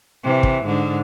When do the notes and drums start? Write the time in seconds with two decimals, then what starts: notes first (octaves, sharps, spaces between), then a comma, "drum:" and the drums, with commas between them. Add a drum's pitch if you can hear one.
0.23 C3 E3
0.43 drum: kick
0.64 G#2 D3